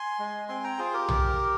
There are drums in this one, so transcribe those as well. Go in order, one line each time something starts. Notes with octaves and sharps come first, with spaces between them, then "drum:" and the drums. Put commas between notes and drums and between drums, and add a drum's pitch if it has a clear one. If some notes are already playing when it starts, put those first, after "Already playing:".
Already playing: G#5 C6
G#3
C4 G#5 C6
G5 A#5
F4 G#4 C5
G4 A#4
drum: tom B1